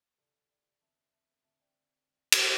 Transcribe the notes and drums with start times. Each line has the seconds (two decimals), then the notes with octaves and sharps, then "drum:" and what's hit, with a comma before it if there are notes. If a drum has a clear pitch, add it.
0.17 D2 C3 E3 A4 D5
0.49 D5 G5
0.81 E2 D3 A3 C4 E5 A5
1.13 E5 A5
1.44 D2 D3 C4 E5 A5
1.60 D5 G5
2.32 drum: cymbal